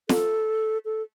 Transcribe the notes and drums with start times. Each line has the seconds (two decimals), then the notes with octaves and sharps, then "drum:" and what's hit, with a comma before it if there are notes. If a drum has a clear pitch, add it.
0.09 A4, drum: snare
0.85 A4